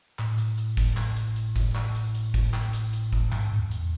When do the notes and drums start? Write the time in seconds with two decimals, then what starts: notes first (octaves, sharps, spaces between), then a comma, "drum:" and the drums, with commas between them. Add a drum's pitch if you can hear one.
0.19 A2, drum: clap
0.38 drum: hi-hat
0.58 drum: hi-hat
0.77 drum: kick, hi-hat
0.97 drum: clap
1.16 drum: hi-hat
1.36 drum: hi-hat
1.56 drum: kick, hi-hat
1.75 drum: clap
1.95 drum: hi-hat
2.15 drum: hi-hat
2.34 drum: kick, hi-hat
2.54 drum: clap
2.73 drum: hi-hat
2.93 drum: hi-hat
3.13 drum: kick
3.32 G#2, drum: clap
3.59 E2
3.71 drum: hi-hat